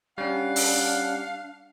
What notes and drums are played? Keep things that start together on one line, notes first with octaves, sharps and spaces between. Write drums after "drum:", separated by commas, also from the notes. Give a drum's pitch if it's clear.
G3 C#4 D4 F5 F#5
drum: open hi-hat